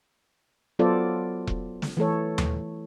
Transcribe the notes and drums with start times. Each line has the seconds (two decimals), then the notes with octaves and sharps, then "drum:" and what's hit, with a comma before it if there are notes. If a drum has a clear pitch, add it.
0.79 F#3 B3 F4 A4 C5 D5
1.47 drum: kick E1
1.82 drum: snare
1.97 E3 A3 A4 C#5
2.38 drum: tom D#2